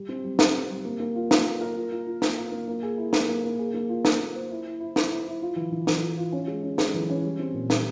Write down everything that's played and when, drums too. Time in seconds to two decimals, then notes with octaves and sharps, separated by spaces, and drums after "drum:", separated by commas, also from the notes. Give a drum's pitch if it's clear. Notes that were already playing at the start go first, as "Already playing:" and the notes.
Already playing: G3
0.09 C4
0.24 G3
0.39 C4, drum: snare
0.54 C4
0.70 G3
0.85 A#3
1.00 A#3
1.16 F4
1.31 F4, drum: snare
1.46 A#3
1.61 A#4
1.76 F4
1.91 F4
2.06 F4
2.22 A#3, drum: snare
2.37 F4
2.52 A#3
2.67 A#3
2.83 G#4
2.98 E4
3.13 A#3, drum: snare
3.28 A#3
3.44 A#3
3.59 G#4
3.74 A#3
3.89 F4
4.05 A#3, drum: snare
4.20 A#3
4.35 C5
4.51 E4
4.65 E4
4.80 E4
4.96 E4, drum: snare
5.11 E4
5.26 E4
5.42 F4
5.56 E3
5.72 E3
5.87 E3, drum: snare
6.02 F4
6.18 F4
6.32 C#4
6.47 G#3
6.63 C#4
6.78 G#3, drum: snare
6.94 E3
7.10 C#4
7.24 G3
7.39 C4
7.54 A#2
7.70 G3, drum: snare